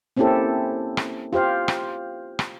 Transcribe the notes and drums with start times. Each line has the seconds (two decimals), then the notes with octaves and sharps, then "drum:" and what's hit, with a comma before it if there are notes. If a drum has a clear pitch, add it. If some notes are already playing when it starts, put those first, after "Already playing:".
0.17 A#3 C4 C#4 E4 G4 A4
0.97 drum: rim click
1.33 F4 G4 C5 F5
1.68 drum: rim click
2.39 drum: rim click